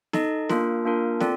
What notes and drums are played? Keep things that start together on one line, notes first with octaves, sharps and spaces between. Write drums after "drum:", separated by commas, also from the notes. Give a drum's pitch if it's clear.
D#4 A4 D#5, drum: snare
A#3 D4 F4 A#4, drum: snare
A#3 D4 F4 A#4
C4 F4 A4 D5, drum: snare